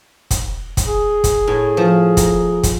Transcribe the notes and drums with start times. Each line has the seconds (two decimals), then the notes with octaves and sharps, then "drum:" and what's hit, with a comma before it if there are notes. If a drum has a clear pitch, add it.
0.31 drum: kick, hi-hat
0.77 drum: kick, hi-hat
0.87 G#4
1.24 drum: kick, hi-hat
1.47 A2
1.77 F3
2.17 A#5, drum: kick, hi-hat
2.63 drum: kick, hi-hat